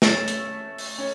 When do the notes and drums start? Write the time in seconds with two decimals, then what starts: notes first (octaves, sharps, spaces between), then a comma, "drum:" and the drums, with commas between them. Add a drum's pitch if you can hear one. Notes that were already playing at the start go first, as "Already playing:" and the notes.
0.02 A3 C#4 E6 A6 E7, drum: snare
0.28 drum: hi-hat
0.78 drum: open hi-hat
0.98 C#4